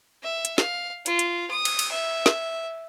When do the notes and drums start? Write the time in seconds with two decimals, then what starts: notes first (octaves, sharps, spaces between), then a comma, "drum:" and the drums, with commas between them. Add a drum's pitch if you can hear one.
0.23 E5
0.45 drum: hi-hat
0.58 F5, drum: snare
1.06 F4, drum: hi-hat
1.19 drum: hi-hat
1.50 D#6
1.65 drum: cymbal
1.79 drum: cymbal
1.91 E5
2.26 drum: snare